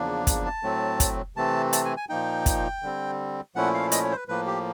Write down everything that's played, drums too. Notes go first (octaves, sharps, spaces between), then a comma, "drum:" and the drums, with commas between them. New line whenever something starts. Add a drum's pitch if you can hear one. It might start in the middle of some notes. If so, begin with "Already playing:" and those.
Already playing: E2 C#3 F3 A#3 D4
drum: kick, hi-hat
A5
A2 F#3 A3 C4
drum: kick, hi-hat
C3 E3 A3 C4 A5
A5, drum: hi-hat
G#5
G#5
A#2 F3 A#3 D#4 G5
drum: kick, hi-hat
D3 G3 C4
A#2 F3 A3 C#4 E4 F#5
F5
D#5, drum: hi-hat
C#5
C5
B4
A2 F3 A#3 B4
G4